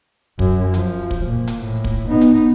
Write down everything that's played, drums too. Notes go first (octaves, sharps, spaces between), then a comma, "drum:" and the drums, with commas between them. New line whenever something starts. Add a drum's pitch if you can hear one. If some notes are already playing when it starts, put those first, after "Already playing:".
F#2, drum: kick
F3, drum: hi-hat
drum: kick
A#2
drum: hi-hat
A2
drum: kick
B3 D#4
drum: hi-hat